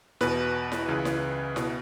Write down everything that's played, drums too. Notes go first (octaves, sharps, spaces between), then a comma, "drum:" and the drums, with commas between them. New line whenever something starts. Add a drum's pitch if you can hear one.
E2 B2 B4, drum: snare E4
drum: snare E4
C#2 C#3 E3
drum: snare E4
B2, drum: snare E4